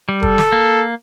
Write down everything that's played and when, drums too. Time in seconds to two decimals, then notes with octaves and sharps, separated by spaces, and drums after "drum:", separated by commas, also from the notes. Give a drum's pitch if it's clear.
0.09 G3
0.23 A4, drum: kick
0.38 drum: snare
0.52 A#3